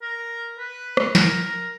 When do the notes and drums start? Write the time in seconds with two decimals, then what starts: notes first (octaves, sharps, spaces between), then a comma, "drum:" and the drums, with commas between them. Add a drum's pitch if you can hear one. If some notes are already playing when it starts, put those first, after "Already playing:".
0.02 A#4
0.58 B4
0.97 drum: rim click
1.15 A#4, drum: snare
1.43 A#4